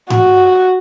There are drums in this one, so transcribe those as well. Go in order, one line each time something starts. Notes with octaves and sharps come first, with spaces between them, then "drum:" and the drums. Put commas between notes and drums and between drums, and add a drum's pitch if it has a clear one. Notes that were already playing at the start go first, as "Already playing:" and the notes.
F#4, drum: tom G#2